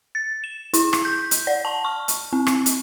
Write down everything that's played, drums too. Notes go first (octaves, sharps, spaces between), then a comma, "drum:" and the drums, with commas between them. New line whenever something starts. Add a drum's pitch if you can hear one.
A6
E7
E4, drum: hi-hat
drum: rim click
G6
drum: hi-hat
D5
A5
C#6
drum: hi-hat
C4
drum: rim click
drum: hi-hat